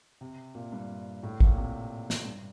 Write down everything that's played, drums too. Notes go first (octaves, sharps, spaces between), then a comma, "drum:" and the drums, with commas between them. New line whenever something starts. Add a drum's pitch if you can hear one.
C3
A#2
G2
A2
A#2, drum: kick G#1
C3
drum: snare
G2